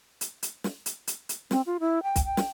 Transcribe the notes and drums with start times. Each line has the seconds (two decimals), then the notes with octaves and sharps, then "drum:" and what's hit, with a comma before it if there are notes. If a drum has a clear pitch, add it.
0.21 drum: hi-hat
0.43 drum: hi-hat
0.64 drum: snare
0.86 drum: hi-hat
1.07 drum: hi-hat
1.29 drum: hi-hat
1.51 C4, drum: snare
1.66 F4
1.80 E4
2.03 G5
2.16 drum: kick, hi-hat
2.25 G5
2.37 drum: snare